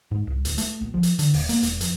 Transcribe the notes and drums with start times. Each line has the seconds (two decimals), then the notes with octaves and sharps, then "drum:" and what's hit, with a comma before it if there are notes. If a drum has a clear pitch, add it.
0.11 G#2
0.27 C2
0.45 D1, drum: hi-hat
0.58 A3, drum: hi-hat
0.81 A#1
0.94 F3
1.03 drum: hi-hat
1.19 D3, drum: hi-hat
1.34 D#1, drum: open hi-hat
1.49 A#3, drum: hi-hat
1.63 E1, drum: hi-hat
1.81 F2, drum: hi-hat